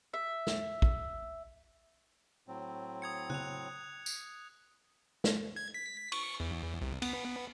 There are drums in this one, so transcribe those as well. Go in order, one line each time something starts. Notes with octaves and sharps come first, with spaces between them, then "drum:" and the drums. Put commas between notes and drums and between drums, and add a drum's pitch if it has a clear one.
E5
drum: snare
drum: kick
A2 F#3 C4
D#6 G#6 C#7
F#6 F7, drum: tom C#3
drum: tambourine
drum: snare
G#6
B6
C#6, drum: cymbal
E2
C2
B3, drum: cymbal